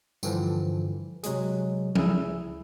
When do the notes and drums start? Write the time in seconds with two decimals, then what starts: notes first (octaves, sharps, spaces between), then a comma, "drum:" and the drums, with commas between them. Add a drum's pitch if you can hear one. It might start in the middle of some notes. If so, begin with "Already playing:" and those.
0.23 G2 D3 E3 F3, drum: tambourine
1.23 C3 F#3 G#3 G#4, drum: hi-hat
1.95 C#2 E4 G#4 E6, drum: tom F3